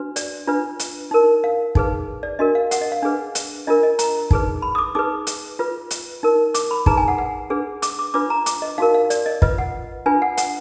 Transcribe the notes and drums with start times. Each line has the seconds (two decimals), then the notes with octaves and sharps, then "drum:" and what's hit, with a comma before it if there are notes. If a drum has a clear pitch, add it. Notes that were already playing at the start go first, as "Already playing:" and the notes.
Already playing: D4 F#4 B4
0.16 D5, drum: hi-hat
0.47 D4 F4 B4
0.79 drum: hi-hat
1.11 D#4 A#4
1.44 F5
1.75 D#4 G#4 B4, drum: kick
2.23 D5
2.39 D4 F#4 A#4 D#5
2.55 F5
2.71 F#5, drum: hi-hat
2.81 D#5
2.92 F5
3.03 D4 G#4 B4
3.35 drum: hi-hat
3.67 D4 F4 A#4 D#5
3.83 D#5
3.99 A#5, drum: hi-hat
4.31 D#4 G#4 B4, drum: kick
4.62 B5
4.75 D#6
4.78 D6
4.95 D#4 G#4 B4 D6
5.27 drum: hi-hat
5.59 F4 B4
5.91 drum: hi-hat
6.23 D#4 A#4
6.54 D6, drum: hi-hat
6.71 B5
6.86 D#4 G#4 B4 A#5, drum: kick
6.97 G#5
7.08 F#5
7.18 F#5
7.50 D4 G#4 B4
7.82 D6, drum: hi-hat
7.99 D6
8.14 D4 F4 B4 D6
8.30 A#5
8.46 D6, drum: hi-hat
8.62 D#5
8.78 D#4 F#4 A#4 F5
8.94 F5
9.10 D5, drum: hi-hat
9.26 D#5
9.42 F4 B4 D#5, drum: kick
9.58 F#5
10.06 D4 F4 B4 G#5
10.22 F#5
10.37 F#5, drum: hi-hat